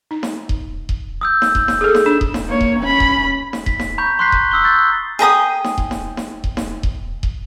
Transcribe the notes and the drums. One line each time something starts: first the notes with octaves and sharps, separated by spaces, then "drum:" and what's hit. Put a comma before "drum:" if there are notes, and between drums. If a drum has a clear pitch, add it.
D#4
drum: snare D#4
drum: kick D#1
drum: kick D#1
D#6 E6 G6
drum: snare D#4
drum: kick D#1
drum: snare D#4
G#4 A4
drum: snare D#4
D4 E7
drum: kick D#1
drum: snare D#4
A#3 C#5
drum: kick D#1
C#4 B5
drum: kick D#1
drum: snare D#4
B6, drum: kick D#1
drum: snare D#4
A#5 B5 C#6 G6
C6 C#6 F#6 G6 B6 C7
drum: kick D#1
D#6 E6 F#6 G7
C#6 G6 A6
G#4 G5 A#5 D#6
drum: snare D#4
drum: kick D#1
drum: snare D#4
drum: snare D#4
drum: kick D#1
drum: snare D#4
drum: kick D#1
drum: kick D#1